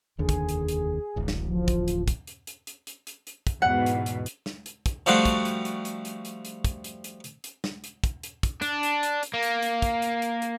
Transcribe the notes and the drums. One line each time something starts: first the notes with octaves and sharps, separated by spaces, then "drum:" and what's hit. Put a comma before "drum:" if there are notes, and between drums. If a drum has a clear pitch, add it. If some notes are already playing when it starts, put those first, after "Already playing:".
F1 D#2 D3 G#4
drum: kick, hi-hat
drum: hi-hat
drum: hi-hat
D1 A1
drum: snare
F3
drum: kick, hi-hat
drum: hi-hat
drum: kick, hi-hat
drum: hi-hat
drum: hi-hat
drum: hi-hat
drum: hi-hat
drum: hi-hat
drum: hi-hat
drum: kick, hi-hat
E2 G#2 B2 F#5
drum: hi-hat
drum: hi-hat
drum: hi-hat
drum: snare
drum: hi-hat
drum: kick, hi-hat
F3 G3 A3 D4 F4 F#4, drum: hi-hat
drum: kick, hi-hat
drum: hi-hat
drum: hi-hat
drum: hi-hat
drum: hi-hat
drum: hi-hat
drum: hi-hat
drum: kick, hi-hat
drum: hi-hat
drum: hi-hat
drum: hi-hat
drum: hi-hat
drum: snare
drum: hi-hat
drum: kick, hi-hat
drum: hi-hat
drum: kick, hi-hat
D4, drum: hi-hat
drum: hi-hat
drum: hi-hat
drum: hi-hat
A#3
drum: hi-hat
drum: hi-hat
drum: kick, hi-hat
drum: hi-hat
drum: hi-hat
drum: hi-hat